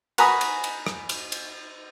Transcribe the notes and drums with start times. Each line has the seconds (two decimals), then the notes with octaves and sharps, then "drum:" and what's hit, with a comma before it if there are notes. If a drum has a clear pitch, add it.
0.18 F#4 B4 G#5 A#5 B5 D#6, drum: cymbal
0.41 drum: cymbal
0.64 drum: cymbal
0.86 drum: rim click
1.09 drum: cymbal
1.32 drum: cymbal